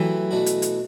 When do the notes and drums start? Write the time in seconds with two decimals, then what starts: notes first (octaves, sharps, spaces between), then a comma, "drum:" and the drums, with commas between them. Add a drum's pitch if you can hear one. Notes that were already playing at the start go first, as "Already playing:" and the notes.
Already playing: E3 F#3 A3 E4 G4
0.31 B2 A3 D4 F#4
0.46 drum: hi-hat
0.62 drum: hi-hat